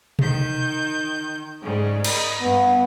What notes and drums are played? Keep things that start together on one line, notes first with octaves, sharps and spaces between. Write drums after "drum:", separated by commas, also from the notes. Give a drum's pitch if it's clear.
D#3 G6, drum: tom B2
G#2 C#3 G3
A#4 D#5 B5, drum: cymbal
G2 B3